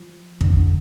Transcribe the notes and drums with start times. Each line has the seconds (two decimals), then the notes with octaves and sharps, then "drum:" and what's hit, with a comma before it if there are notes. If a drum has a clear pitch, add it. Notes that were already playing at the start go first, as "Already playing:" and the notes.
Already playing: F3
0.41 F2 D3, drum: kick